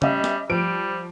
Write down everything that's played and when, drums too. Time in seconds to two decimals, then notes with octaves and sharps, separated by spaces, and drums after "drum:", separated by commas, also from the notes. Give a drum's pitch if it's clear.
0.02 G3 C#4 D#5 E5, drum: tom
0.24 drum: snare
0.50 F3 G3 D7